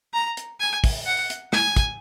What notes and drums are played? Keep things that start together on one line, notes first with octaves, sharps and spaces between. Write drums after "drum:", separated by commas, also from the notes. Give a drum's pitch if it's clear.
A#5
drum: hi-hat
G#5
drum: kick, open hi-hat
F#5
drum: hi-hat
G#5, drum: snare
drum: kick, hi-hat